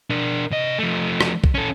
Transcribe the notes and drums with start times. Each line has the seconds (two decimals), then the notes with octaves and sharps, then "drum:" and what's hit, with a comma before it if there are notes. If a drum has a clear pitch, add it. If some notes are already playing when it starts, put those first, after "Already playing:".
0.10 D4 A#4
0.51 C3 D#5
0.79 F3 A3
1.21 drum: rim click
1.44 drum: kick B1
1.54 C#4 A4